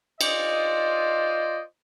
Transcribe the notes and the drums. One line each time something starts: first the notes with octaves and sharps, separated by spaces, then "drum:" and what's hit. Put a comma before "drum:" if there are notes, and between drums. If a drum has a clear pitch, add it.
F4 C5 D5 D#5, drum: cymbal